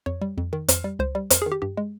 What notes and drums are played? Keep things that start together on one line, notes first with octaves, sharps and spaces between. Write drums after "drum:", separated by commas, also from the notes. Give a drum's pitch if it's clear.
F2 C#5
G3
F2
D#3
F2, drum: hi-hat
G3
C#2 C5
G3
F2 A#4, drum: hi-hat
G#4
D#3
G4
G2 G4
G#3